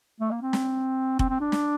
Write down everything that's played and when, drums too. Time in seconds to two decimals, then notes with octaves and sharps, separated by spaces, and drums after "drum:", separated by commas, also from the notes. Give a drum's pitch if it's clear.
0.20 A3
0.31 A#3
0.42 C4
0.53 drum: snare
1.19 C4, drum: kick F1
1.30 C4
1.41 D4
1.52 drum: snare